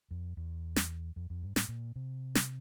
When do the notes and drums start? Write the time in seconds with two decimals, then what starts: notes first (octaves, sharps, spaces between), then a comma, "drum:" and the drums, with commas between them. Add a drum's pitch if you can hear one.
0.11 F2
0.37 E2
0.76 drum: snare
1.16 F2
1.30 F2
1.43 G2
1.56 A2, drum: snare
1.68 A#2
1.96 C3
2.35 drum: snare